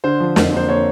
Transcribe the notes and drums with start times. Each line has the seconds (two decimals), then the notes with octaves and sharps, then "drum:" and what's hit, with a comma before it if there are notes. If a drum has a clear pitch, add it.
0.04 D3 C5
0.20 F3
0.36 F2, drum: snare
0.52 A#3 C5
0.68 A#3 C#5